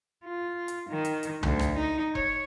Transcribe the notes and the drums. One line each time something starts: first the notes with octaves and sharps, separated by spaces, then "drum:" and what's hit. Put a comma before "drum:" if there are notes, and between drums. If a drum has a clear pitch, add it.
F4
drum: hi-hat
D#3
drum: hi-hat
drum: hi-hat
D2, drum: tom C2
drum: rim click
D#4
C#5, drum: kick E1